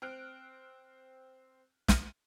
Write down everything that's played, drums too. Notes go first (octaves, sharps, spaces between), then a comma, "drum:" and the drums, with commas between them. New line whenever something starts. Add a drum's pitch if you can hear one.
C4 F6 F#6 D7
drum: snare